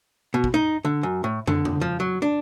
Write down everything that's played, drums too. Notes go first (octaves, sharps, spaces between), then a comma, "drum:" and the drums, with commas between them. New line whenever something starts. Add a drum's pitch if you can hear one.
B2
drum: kick
D#4
D3
F#2
A2
D3, drum: tom
drum: tom C#3
F3
F#3
D4